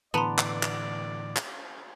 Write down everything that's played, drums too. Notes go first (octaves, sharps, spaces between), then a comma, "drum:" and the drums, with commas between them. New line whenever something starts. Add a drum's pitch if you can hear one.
A2 D3 E3 B3 D5 A5 A#5 C6
drum: clap
drum: clap
drum: clap